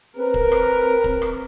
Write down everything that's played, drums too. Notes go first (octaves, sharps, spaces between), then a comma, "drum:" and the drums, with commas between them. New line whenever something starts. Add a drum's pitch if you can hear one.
C4 A#4 B4
drum: kick
drum: rim click
drum: kick
drum: rim click